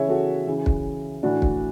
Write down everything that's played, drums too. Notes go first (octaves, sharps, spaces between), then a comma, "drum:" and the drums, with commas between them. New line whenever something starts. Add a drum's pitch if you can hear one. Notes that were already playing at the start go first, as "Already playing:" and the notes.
Already playing: C#3 E3 C#5 E5
F#4 A4
C#3 E3
drum: kick
A2 E3 D4 F#4
drum: kick